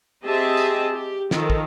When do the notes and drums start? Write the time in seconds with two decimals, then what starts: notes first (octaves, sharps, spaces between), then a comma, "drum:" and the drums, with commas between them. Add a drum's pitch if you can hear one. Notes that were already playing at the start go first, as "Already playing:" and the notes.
0.24 C4 G4 G#4 D#5 E5 A5
0.57 drum: tambourine
0.90 G4
1.31 D#3 F3 A4 A#4, drum: snare
1.50 drum: kick